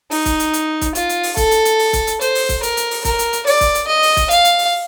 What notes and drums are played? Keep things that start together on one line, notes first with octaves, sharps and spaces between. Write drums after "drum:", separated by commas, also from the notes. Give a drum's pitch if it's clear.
D#4, drum: open hi-hat
drum: kick, hi-hat
drum: hi-hat
drum: hi-hat
drum: kick, hi-hat
F4, drum: hi-hat
drum: hi-hat
drum: open hi-hat
A4, drum: kick, hi-hat
drum: hi-hat
drum: hi-hat
drum: open hi-hat
drum: kick, hi-hat
drum: hi-hat
C5, drum: hi-hat
drum: open hi-hat
drum: kick, hi-hat
A#4, drum: hi-hat
drum: hi-hat
drum: open hi-hat
A#4, drum: kick, hi-hat
drum: hi-hat
drum: hi-hat
D5, drum: open hi-hat
drum: kick, hi-hat
drum: hi-hat
D#5
drum: open hi-hat
drum: kick, hi-hat
F5, drum: hi-hat
drum: hi-hat
drum: open hi-hat